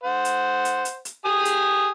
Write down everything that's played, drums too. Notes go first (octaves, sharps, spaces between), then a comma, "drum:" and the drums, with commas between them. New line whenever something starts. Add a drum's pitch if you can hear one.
C5 F#5
drum: hi-hat
drum: hi-hat
drum: hi-hat
drum: hi-hat
G4 G#5 D#6
drum: hi-hat